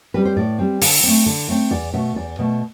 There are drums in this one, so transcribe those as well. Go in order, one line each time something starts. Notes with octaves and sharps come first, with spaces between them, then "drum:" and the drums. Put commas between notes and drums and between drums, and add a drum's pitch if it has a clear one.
G3 C4 B4
C5
A2 D5
G3 C4
D3, drum: open hi-hat
A3 C4
D3
A3 C4
E2 D5
B2 A3 E5
E2 D5
B2 A3